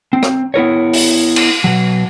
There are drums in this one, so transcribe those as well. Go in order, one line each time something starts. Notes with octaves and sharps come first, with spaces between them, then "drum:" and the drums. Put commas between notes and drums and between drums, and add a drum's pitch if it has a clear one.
C4
drum: rim click
B3 E4 A#4 C#5
drum: open hi-hat
drum: cymbal
B2 F#3